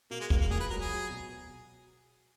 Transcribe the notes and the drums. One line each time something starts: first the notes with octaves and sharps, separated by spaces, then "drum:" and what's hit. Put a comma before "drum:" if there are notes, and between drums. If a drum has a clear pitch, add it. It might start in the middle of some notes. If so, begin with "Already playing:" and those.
B2 A#3
G#3
C#2 A#3, drum: kick
A#3
C#2 G#4
B4
F#3 A#4
G#4
F#3
B2